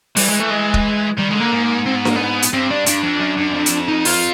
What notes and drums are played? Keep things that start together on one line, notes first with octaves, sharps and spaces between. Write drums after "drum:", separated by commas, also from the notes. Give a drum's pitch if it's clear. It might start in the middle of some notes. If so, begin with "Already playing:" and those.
E3 G3, drum: open hi-hat
G#3
A3
G#3
drum: kick
D#3 G3
D#3 G#3
D3 A#3
G#2
C4
B3
A#3, drum: snare D4
B3
drum: hi-hat
G2 C4
D4
G2 D4, drum: hi-hat
F2
F#2
F#2
F2
drum: hi-hat
D#4
F4, drum: open hi-hat